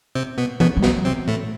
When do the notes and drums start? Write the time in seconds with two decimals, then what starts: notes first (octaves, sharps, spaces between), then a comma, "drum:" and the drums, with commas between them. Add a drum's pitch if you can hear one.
0.15 C3 C4
0.38 B2 B3
0.60 B2 B3, drum: tom E3
0.77 G3
0.83 B2 F#3 B3, drum: snare
1.05 C3 C4
1.28 A2 A3